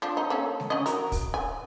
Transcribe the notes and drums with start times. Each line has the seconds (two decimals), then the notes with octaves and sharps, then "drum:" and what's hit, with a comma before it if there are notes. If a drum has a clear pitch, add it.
0.02 F3 D4
0.17 D#4
0.30 A#3 C#4 A4
0.60 drum: snare G#3
0.70 C#4 D#5
0.86 F#4 A#4, drum: hi-hat
1.12 drum: kick, open hi-hat
1.34 G#5